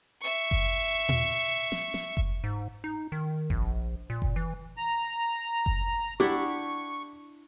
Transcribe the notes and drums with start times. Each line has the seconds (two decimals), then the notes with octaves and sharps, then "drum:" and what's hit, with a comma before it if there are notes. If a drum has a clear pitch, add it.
0.22 E5 C#6
0.51 drum: kick F#1
1.09 drum: tom A#2
1.72 drum: snare
1.94 drum: snare
2.17 drum: kick F#1
2.44 G#2
2.84 D#4
3.12 D#3
3.50 A#1, drum: kick F#1
4.10 A#2
4.22 drum: kick F#1
4.36 E3
4.77 A#5
5.66 drum: kick F#1
6.20 D4 E4 G4 F#5 C#6